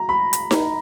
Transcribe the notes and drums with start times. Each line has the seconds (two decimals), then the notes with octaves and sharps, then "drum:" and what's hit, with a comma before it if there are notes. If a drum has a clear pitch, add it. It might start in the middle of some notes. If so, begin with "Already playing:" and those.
Already playing: A#5
0.09 B5
0.33 drum: hi-hat
0.51 drum: snare D#4